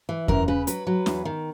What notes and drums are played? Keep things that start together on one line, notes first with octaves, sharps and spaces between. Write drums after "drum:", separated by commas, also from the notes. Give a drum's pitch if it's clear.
E3
F#2 A#4, drum: kick E2
C#3 B4
F#3 B4, drum: hi-hat
F#3
E2, drum: snare
D#3